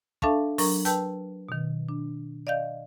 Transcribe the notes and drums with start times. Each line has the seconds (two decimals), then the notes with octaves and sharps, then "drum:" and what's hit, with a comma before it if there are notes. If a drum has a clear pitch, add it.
0.22 D4 A4 E5 F5 A5 C#6, drum: kick
0.58 F#3 D4 A#4 A#5 C#6, drum: open hi-hat
0.85 B4 G5 A5 E6 G6, drum: hi-hat
1.49 B2 D#3
1.89 D4
2.47 D5 D#5 F5 G6